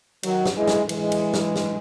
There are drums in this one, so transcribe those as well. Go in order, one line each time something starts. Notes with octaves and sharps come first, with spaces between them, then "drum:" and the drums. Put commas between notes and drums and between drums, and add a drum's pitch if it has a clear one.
D#3 F#3, drum: cymbal
drum: snare
E3 G#3
drum: snare
E3 G#3, drum: cymbal
drum: cymbal
drum: snare
drum: snare